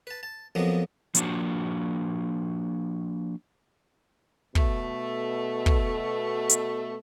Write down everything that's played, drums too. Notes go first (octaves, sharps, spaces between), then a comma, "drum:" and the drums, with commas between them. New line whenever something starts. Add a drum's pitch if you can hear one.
B4 A5
A5
F2 F3 F#3 G#3 A#3 B3
F3 A#3 D4 F#4, drum: hi-hat
B2 A3, drum: kick
drum: kick
drum: hi-hat